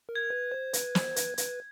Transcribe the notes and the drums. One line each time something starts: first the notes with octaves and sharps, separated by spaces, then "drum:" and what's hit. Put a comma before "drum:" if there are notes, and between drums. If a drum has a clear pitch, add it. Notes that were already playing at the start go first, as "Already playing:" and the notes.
A#4
G#6
B4
C5
B4, drum: hi-hat
C5, drum: snare
B4, drum: hi-hat
B4, drum: hi-hat